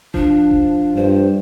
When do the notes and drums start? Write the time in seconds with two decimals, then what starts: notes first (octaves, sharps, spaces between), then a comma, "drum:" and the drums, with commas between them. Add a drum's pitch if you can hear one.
0.14 F3 D4, drum: kick E1
0.51 drum: kick E1
0.96 G2 C5